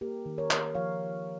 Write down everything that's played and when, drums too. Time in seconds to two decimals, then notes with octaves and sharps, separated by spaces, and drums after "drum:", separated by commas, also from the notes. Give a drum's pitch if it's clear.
0.01 A#3 G4 A#4
0.26 D#3
0.38 A#4 C#5
0.51 A#3, drum: clap
0.75 F3 C#5 F5